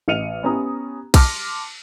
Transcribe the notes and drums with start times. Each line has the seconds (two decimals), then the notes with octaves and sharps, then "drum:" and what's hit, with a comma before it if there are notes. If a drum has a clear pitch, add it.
0.08 A1 D#5 F6 C#7 D#7 F7
0.43 B3 C#4 G4 A#5 D#6
1.14 A5 C6 D6 F6 A#6, drum: kick B1, cymbal